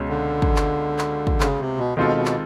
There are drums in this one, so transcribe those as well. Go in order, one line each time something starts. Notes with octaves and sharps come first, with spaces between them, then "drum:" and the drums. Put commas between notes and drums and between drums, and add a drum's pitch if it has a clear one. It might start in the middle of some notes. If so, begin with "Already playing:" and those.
Already playing: C#2 B2 G#3 C#4
D3
drum: kick
drum: clap
drum: clap
drum: kick
C#3, drum: clap
C3
B2
B2 D#3 G#3 C4 F4 A4
B2
drum: clap